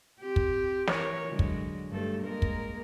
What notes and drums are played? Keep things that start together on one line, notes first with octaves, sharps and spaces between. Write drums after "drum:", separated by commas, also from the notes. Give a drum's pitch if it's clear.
C4 G4
drum: kick
E3 A#4 C#5, drum: snare
D3 F#3 G#3
drum: kick
G2 A3 A4
G#3 A#3 A#4
drum: kick